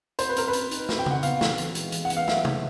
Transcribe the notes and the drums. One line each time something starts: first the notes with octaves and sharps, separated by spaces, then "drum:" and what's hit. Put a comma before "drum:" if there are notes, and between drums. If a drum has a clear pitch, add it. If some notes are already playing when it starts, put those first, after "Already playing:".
C4 C5, drum: hi-hat
B4
C4 A#4, drum: hi-hat
B4
C4, drum: hi-hat
D#4, drum: hi-hat
F#4, drum: snare
G5
C4 F#5, drum: tom C#3
B3 F5, drum: hi-hat
E3, drum: snare
E3, drum: hi-hat
G#3, drum: hi-hat
E3, drum: hi-hat
F#5
B3, drum: hi-hat
F5
F#3 E5, drum: snare
A3, drum: tom C3